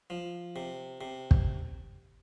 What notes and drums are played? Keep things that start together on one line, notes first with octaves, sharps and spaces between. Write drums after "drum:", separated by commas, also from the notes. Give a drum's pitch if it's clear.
F3
C3
C3
drum: kick